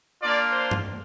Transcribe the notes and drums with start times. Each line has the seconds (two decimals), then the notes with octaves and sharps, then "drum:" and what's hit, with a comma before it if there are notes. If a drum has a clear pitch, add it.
0.20 A#3 D4 F4 D5
0.50 C5
0.71 drum: tom G2